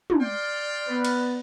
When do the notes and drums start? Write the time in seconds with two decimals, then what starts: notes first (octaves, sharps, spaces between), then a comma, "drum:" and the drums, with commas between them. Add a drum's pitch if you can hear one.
0.10 drum: tom
0.21 D5 G5 C6 F6
0.88 B3 B4
1.05 drum: cymbal